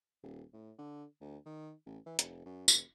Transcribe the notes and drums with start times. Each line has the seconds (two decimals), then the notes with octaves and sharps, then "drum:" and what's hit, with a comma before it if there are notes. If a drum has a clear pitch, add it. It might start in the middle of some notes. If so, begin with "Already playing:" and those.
0.23 D#1
0.53 A2
0.79 D3
1.21 D2
1.45 D#3
1.86 A1
2.06 E3
2.19 F1, drum: hi-hat
2.46 F#2
2.68 F1, drum: tambourine